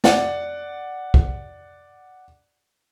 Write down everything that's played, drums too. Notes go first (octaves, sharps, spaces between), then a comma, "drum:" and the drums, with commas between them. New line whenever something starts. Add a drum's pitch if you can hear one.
D5 F#5, drum: snare
drum: kick